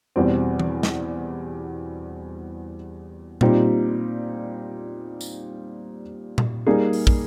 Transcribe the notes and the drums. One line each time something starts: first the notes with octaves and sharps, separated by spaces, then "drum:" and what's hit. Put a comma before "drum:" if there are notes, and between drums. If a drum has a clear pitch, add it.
E2 B2 G3 C4
drum: tom E3
drum: snare
A#2 G3 C4 D#4 G4, drum: tom A#2
drum: tambourine
drum: tom A#2
G3 A#3 D#4 G#4
drum: open hi-hat
drum: kick